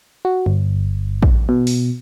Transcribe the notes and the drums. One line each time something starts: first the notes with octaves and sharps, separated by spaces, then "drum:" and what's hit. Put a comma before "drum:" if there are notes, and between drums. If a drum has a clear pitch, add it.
F#4
G1
drum: kick
B2
drum: open hi-hat